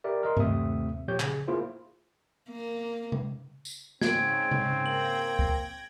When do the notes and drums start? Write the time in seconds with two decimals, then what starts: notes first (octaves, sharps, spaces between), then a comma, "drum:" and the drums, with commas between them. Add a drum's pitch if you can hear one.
0.04 G4 A#4 D5 E5
0.23 A#4 D#5 C6
0.37 D#2 C3 A3 C4 E5 D#6, drum: tom G2
1.08 A#2 F3 G4 C#5 G6
1.20 C#3 G#4, drum: clap
1.48 A#3 E4 F4 G#4 C5
2.51 A#3
3.12 drum: tom C3
3.65 drum: tambourine
4.02 G#2 C#3 C4 G#6 D7, drum: snare
4.51 drum: tom C3
4.86 A#3 G5 G#6 A#6 F#7
5.39 drum: kick